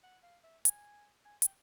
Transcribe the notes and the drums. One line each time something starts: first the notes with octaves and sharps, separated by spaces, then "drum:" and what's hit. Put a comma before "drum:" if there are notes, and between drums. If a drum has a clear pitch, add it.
F#5
F5
E5
G#5, drum: hi-hat
G#5
G5, drum: hi-hat